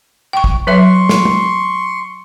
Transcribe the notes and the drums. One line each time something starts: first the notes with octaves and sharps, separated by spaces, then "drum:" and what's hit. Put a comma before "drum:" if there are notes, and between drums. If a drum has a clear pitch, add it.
G5 C#6
drum: kick
F#3 B4 E5 C6 C#6
drum: snare
drum: tom